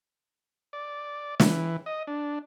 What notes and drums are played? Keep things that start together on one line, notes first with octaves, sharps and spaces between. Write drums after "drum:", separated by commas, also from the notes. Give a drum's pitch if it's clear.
D5
E3, drum: snare
D#5
D4